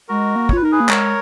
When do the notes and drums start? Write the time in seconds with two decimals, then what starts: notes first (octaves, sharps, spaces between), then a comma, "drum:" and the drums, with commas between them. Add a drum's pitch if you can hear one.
0.08 G#3 F#4 A#4
0.36 A#3
0.49 C#5, drum: kick
0.53 F4 B4
0.62 D#4 A#4
0.72 G#4 B4
0.80 A#3
0.89 G#3 A#4 C#5, drum: clap